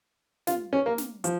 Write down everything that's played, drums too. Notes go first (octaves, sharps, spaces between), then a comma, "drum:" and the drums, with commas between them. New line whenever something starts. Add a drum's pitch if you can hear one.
F4, drum: snare
C#4
A#3
drum: snare
F3, drum: hi-hat